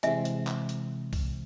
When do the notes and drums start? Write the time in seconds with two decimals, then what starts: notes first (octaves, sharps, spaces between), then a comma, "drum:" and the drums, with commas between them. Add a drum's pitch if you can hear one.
0.03 C3 E3 G#3 C4 E5 G#5, drum: hi-hat
0.25 drum: hi-hat
0.47 drum: clap
0.69 drum: hi-hat
1.13 drum: kick C2, open hi-hat